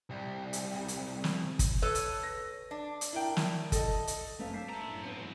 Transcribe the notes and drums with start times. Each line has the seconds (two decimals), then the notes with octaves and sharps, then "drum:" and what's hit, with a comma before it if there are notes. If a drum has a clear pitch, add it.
0.10 C2 G3
0.53 drum: hi-hat
0.88 drum: hi-hat
1.24 drum: snare
1.59 drum: kick, hi-hat
1.82 A4 B4 C#5
1.95 drum: hi-hat
2.23 A#6
2.71 D4
3.01 drum: hi-hat
3.13 E4 A#4 G5
3.37 drum: snare
3.72 A4 D#5, drum: kick, hi-hat
4.07 drum: hi-hat
4.39 F#2 A3 C4 C#4 B4 F5
4.53 A3 D4 A5 G6 B6 C7
4.70 E5 A#5
4.85 F#2 A2
5.04 B3 C4 B4 C#5
5.19 G#2 E3 F#4